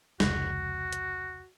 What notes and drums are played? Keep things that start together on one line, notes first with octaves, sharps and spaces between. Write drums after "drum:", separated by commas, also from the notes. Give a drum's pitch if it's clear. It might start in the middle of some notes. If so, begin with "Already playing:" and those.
F1 C#2 F#4, drum: snare
drum: hi-hat